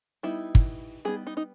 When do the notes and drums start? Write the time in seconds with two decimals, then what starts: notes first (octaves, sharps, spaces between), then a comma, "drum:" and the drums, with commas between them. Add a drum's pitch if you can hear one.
0.23 G3 B3 D#4 E4
0.55 drum: kick
1.05 G3 B3 D#4 G#4
1.27 D#4
1.37 D#4